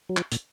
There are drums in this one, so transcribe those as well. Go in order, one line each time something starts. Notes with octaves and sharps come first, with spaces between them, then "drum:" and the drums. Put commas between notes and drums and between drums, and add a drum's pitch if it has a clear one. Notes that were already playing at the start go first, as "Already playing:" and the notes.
F#3
F3, drum: clap
A#2, drum: hi-hat